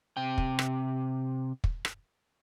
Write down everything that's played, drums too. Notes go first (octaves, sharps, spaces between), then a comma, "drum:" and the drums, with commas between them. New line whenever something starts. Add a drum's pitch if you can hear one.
C3 G5
drum: kick
drum: rim click
drum: kick
drum: rim click